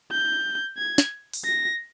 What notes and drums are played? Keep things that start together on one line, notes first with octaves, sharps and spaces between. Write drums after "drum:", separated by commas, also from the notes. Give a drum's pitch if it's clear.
G6
G#6
drum: snare
drum: open hi-hat
A#6